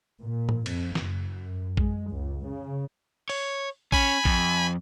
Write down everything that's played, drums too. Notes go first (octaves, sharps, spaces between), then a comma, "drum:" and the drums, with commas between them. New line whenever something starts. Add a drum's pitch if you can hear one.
A#2
drum: tom G#2
F2, drum: cymbal
F#1, drum: snare
F#2
G#3, drum: kick A1
C#2
C#3
C#5, drum: open hi-hat
C#4 G#5 B5, drum: kick A1
F2, drum: kick A1